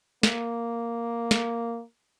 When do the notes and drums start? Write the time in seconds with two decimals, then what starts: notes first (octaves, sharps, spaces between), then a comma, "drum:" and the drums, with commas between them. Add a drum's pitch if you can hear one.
0.23 A#3, drum: snare
1.31 drum: snare